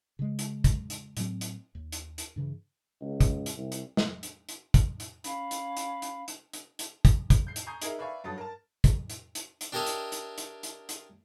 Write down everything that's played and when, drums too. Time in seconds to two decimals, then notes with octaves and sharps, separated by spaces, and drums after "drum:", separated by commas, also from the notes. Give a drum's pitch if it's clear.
0.19 C#3 G#3
0.39 drum: hi-hat
0.64 drum: kick, hi-hat
0.90 drum: hi-hat
1.17 A2 F#3 A3 C4, drum: hi-hat
1.41 drum: hi-hat
1.75 D#2
1.92 drum: hi-hat
2.18 drum: hi-hat
2.36 G2 C#3 E3
3.01 C#2
3.20 drum: kick, hi-hat
3.46 drum: hi-hat
3.56 C2
3.72 drum: hi-hat
3.97 drum: snare
4.23 drum: hi-hat
4.49 drum: hi-hat
4.74 drum: kick, hi-hat
5.00 drum: hi-hat
5.24 C#4 F5 B5, drum: hi-hat
5.51 drum: hi-hat
5.77 drum: hi-hat
6.02 drum: hi-hat
6.28 drum: hi-hat
6.53 drum: hi-hat
6.79 drum: hi-hat
7.05 drum: kick, hi-hat
7.30 drum: kick, hi-hat
7.47 G6 C7
7.56 drum: hi-hat
7.67 G#5 A#5 C#6 D#6 G6 C7
7.82 D#4 G#4 A#4 E5, drum: hi-hat
7.98 B4 D5 E5 F5 G#5 C#6
8.24 G2 F#3 A4 D#6 A6
8.38 A#4 A5
8.84 drum: kick, hi-hat
9.10 drum: hi-hat
9.35 drum: hi-hat
9.61 drum: hi-hat
9.72 D4 G4 A#4 C#5 D#5 E5
9.86 drum: hi-hat
10.12 drum: hi-hat
10.38 drum: hi-hat
10.63 drum: hi-hat
10.89 drum: hi-hat